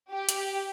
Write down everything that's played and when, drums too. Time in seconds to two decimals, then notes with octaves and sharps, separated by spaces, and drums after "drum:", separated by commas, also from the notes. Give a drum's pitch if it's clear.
0.13 G4
0.29 drum: hi-hat